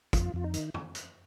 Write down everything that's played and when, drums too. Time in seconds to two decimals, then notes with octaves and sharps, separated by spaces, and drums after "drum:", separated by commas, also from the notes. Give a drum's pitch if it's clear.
0.13 F2 F4, drum: kick, hi-hat
0.34 F2 F4
0.44 D#4
0.54 D#3, drum: hi-hat
0.74 drum: tom
0.95 drum: hi-hat